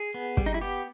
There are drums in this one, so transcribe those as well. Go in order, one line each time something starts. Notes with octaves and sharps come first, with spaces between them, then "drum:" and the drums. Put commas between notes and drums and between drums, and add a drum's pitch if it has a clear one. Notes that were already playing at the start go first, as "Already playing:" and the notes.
Already playing: G#4
B3
G3, drum: kick
D#4
E4
B3 G4